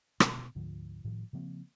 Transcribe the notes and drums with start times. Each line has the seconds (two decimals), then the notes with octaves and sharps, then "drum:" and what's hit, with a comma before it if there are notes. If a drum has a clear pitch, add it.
0.20 B2, drum: rim click
0.55 D2 G#2 D3 F3
1.04 A2 D#3 F3
1.33 C#3 F3 A#3 C4